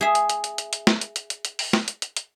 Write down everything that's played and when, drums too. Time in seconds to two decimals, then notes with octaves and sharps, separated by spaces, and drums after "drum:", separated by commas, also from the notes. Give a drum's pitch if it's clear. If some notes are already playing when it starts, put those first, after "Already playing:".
0.01 G#4 E5
0.15 drum: hi-hat
0.30 drum: hi-hat
0.44 drum: hi-hat
0.58 drum: hi-hat
0.73 drum: hi-hat
0.87 drum: snare
1.01 drum: hi-hat
1.16 drum: hi-hat
1.30 drum: hi-hat
1.45 drum: hi-hat
1.59 drum: open hi-hat
1.73 drum: snare
1.88 drum: hi-hat
2.02 drum: hi-hat
2.17 drum: hi-hat